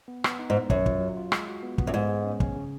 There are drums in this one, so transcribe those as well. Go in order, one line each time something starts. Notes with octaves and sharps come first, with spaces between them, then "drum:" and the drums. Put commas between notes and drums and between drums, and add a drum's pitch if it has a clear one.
B3
B3, drum: rim click
D#4
G#2
D#4
F#2 F#3, drum: kick
F4, drum: kick
F#3
F4
G#3, drum: rim click
F#4
B3
B3, drum: kick
F#2
G#2 G#3
G#4
C#4
C#4, drum: kick
C#3